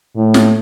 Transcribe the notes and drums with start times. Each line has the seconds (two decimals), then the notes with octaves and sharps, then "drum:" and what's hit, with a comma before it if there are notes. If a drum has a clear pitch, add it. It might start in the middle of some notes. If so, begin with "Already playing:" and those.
0.16 A2
0.34 drum: snare